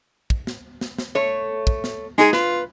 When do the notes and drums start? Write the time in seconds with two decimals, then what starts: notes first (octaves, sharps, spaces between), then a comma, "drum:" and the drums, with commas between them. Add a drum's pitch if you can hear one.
0.30 drum: kick
0.47 drum: snare
0.81 drum: snare
0.98 drum: snare
1.15 A3 C#5
1.67 drum: kick
1.84 drum: snare
2.18 G#3 D#4 G#4, drum: snare
2.33 F4 B4, drum: snare